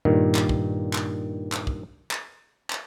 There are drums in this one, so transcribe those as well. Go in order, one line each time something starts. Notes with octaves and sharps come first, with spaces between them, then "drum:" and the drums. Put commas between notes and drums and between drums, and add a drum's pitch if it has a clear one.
G2 A#2 D#3
drum: clap
drum: kick
drum: clap
drum: clap
drum: kick
drum: clap
drum: clap